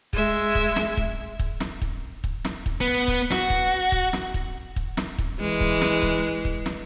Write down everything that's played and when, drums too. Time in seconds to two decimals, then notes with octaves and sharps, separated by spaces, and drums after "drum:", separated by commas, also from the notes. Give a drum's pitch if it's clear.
0.13 G#3 E5, drum: kick
0.55 drum: kick
0.76 drum: snare
0.97 drum: kick
1.39 drum: kick
1.60 drum: snare
1.82 drum: kick
2.24 drum: kick
2.45 drum: snare
2.66 drum: kick
2.81 B3
3.08 drum: kick
3.32 F#4, drum: snare
3.50 drum: kick
3.92 drum: kick
4.13 drum: snare
4.34 drum: kick
4.76 drum: kick
4.97 drum: snare
5.18 drum: kick
5.40 E3 G#3
5.61 drum: kick
5.82 drum: snare
6.03 drum: kick
6.45 drum: kick
6.66 drum: snare